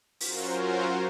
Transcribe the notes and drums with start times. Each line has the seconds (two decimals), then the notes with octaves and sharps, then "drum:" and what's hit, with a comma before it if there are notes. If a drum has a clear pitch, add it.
0.20 F#3 C#4 F4 F#4 A#4 C5, drum: open hi-hat